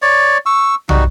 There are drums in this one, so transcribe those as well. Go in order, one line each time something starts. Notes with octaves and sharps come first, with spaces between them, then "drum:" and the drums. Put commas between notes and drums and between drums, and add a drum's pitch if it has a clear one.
C#5 D5
C#6 E6
G3 D#4 F#4, drum: tom